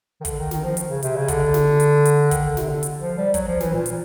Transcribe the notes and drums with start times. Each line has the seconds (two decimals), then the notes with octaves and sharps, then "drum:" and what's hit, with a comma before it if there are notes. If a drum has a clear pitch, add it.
0.20 D#3
0.25 D3, drum: kick, hi-hat
0.39 D#3
0.51 D#3, drum: snare
0.63 F3
0.77 drum: hi-hat
0.90 C#3
1.03 C3, drum: hi-hat
1.16 C#3
1.28 D3, drum: kick, hi-hat
1.54 drum: snare
1.80 drum: hi-hat
2.05 drum: hi-hat
2.31 D#3, drum: kick, hi-hat
2.44 D3
2.57 C3, drum: snare
2.69 D3
2.83 drum: hi-hat
2.99 F3
3.17 G3
3.34 F#3, drum: kick, hi-hat
3.47 F3
3.60 E3, drum: snare
3.73 A#2
3.86 drum: hi-hat